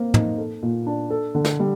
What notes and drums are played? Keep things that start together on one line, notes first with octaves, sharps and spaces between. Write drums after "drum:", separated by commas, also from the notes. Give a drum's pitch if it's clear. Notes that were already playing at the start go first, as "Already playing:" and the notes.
Already playing: A#3 C4
D#4, drum: tom
A4
A#2
D4
A4
D3
drum: snare
G3